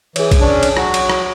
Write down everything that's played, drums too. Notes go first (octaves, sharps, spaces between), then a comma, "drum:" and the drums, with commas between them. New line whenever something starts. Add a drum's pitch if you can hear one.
E3 G#4 C#5, drum: cymbal
drum: kick B1, cymbal
C#4 D4
drum: cymbal
F#3 F#4, drum: rim click
drum: cymbal
drum: rim click